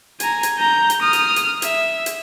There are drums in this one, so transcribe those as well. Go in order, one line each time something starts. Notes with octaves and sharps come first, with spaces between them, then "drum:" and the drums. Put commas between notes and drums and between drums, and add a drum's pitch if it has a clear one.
G#5 A#5, drum: hi-hat
drum: hi-hat
A#5 G6
drum: hi-hat
D#6 F6
drum: hi-hat
drum: hi-hat
E5, drum: hi-hat
drum: hi-hat